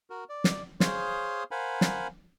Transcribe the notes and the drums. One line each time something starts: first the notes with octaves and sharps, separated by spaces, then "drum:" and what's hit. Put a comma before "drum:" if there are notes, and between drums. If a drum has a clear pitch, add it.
F#4 A#4
D5
drum: snare
G#4 C5 C#5 F5 C6 D#6, drum: snare
A#4 C5 F5 F#5 G#5 B5
drum: snare